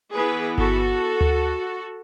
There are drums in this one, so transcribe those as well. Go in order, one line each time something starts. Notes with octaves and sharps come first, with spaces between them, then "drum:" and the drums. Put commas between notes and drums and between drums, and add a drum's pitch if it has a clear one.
E3 B3 E4 G#4 B4
F#4 A4, drum: kick G1
drum: tom D2